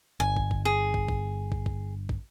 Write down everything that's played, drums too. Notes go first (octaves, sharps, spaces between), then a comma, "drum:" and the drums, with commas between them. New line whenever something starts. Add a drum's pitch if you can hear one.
G1 G#5
drum: kick
drum: kick
G#4
drum: kick
drum: kick
drum: kick
drum: kick
drum: kick